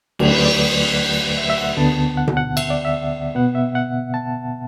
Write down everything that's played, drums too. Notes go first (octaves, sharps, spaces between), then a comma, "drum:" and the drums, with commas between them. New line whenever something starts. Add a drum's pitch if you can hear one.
D2 D3 F#3 A3 D5, drum: cymbal
B4
D5
E5
E5
F#5
D2 D3 B3 A5
F#5
drum: tom B2
F#5
E5, drum: cymbal
D5
E5
B2 B3 F#5
E5
F#5
A5